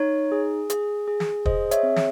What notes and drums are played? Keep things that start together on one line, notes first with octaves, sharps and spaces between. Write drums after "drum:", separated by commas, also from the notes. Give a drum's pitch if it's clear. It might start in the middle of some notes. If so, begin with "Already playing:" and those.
Already playing: D#4 C#5
G#4
G#4, drum: hi-hat
G#4
drum: snare
G#4 C5 D#5, drum: kick
C#5 E5, drum: hi-hat
C4
drum: snare